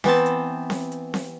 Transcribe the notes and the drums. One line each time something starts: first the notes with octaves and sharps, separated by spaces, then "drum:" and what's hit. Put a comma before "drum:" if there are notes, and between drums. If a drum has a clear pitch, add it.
E3 B3 C4 A5, drum: snare C4
drum: hi-hat
drum: snare C4
drum: hi-hat
drum: snare C4